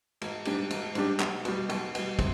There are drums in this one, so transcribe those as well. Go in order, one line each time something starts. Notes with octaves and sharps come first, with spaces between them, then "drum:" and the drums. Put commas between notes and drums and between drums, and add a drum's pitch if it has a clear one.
G#1, drum: cymbal
G#2 G3 D4 G4, drum: cymbal
G#1, drum: cymbal
G#2 G3 D4 G4, drum: cymbal
B1, drum: clap
B2 G3, drum: cymbal
B1, drum: cymbal
B2 G3, drum: cymbal
C3, drum: kick, cymbal